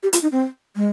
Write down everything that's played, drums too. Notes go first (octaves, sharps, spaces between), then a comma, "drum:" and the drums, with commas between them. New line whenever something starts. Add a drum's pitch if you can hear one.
G4
F4, drum: hi-hat
D#4
C4
G#3